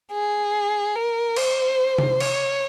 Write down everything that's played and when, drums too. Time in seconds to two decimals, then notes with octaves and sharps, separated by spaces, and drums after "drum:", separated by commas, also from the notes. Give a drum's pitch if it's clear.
0.12 G#4
0.96 A#4
1.36 C5, drum: cymbal
1.98 drum: tom C3
2.20 C#5, drum: cymbal